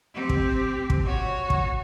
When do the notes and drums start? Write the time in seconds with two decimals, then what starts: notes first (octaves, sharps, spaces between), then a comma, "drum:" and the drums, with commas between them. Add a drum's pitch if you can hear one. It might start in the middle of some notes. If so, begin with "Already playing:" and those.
0.14 C4 G4
0.29 drum: kick
0.90 drum: kick
1.05 F#4 C#5
1.50 drum: kick